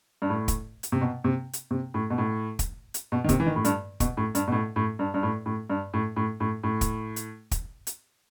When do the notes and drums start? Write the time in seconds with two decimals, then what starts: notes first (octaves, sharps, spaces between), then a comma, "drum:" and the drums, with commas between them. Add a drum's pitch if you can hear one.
0.22 G2
0.30 A2
0.48 drum: kick, hi-hat
0.83 drum: hi-hat
0.92 C3
1.01 B2
1.24 C3
1.53 drum: hi-hat
1.71 C3
1.94 A2
2.10 B2
2.18 A2
2.59 drum: kick, hi-hat
2.94 drum: hi-hat
3.12 B2
3.24 D#3
3.29 C3, drum: kick, hi-hat
3.40 E3
3.46 D#3
3.56 A2
3.65 G2, drum: hi-hat
4.00 B2, drum: kick, hi-hat
4.17 A2
4.35 G2, drum: hi-hat
4.48 B2
4.52 A2
4.76 A2
4.99 G2
5.14 G2
5.23 A2
5.46 A2
5.70 G2
5.94 A2
6.16 A2
6.40 A2
6.63 A2
6.81 drum: kick, hi-hat
7.16 drum: hi-hat
7.51 drum: kick, hi-hat
7.87 drum: hi-hat